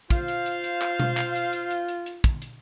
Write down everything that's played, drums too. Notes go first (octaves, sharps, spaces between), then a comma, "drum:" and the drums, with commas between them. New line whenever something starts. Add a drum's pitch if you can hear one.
F4 C5 F5, drum: kick, hi-hat
drum: hi-hat
drum: hi-hat
drum: hi-hat
drum: clap
drum: tom B2
drum: clap
drum: hi-hat
drum: hi-hat
drum: hi-hat
drum: hi-hat
drum: hi-hat
drum: kick, hi-hat
drum: hi-hat